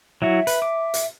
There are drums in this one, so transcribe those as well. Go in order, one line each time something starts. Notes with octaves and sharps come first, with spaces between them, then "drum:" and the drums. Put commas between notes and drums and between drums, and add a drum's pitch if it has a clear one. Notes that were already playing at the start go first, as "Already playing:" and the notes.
F#3 E4 F#4 E5
B4, drum: hi-hat
D6
drum: hi-hat